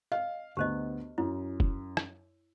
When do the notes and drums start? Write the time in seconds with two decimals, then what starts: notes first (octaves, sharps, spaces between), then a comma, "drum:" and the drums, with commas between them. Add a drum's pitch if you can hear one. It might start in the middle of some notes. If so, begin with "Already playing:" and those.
0.12 D#5 F5
0.57 D2 B3 G4 C5 D#5
1.18 F#2 E4
1.60 drum: kick
1.97 drum: rim click